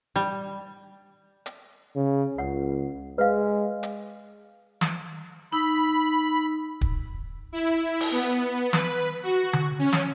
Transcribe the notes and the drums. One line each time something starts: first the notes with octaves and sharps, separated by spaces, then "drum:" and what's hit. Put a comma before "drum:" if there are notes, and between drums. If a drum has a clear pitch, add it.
G3
drum: hi-hat
C#3
C#2 F#5
G#3 B4 F5
drum: hi-hat
drum: snare
D#4 B5 E6
drum: kick
E4
drum: open hi-hat
B3
B4, drum: snare
F#4
drum: tom D3
C#4
drum: snare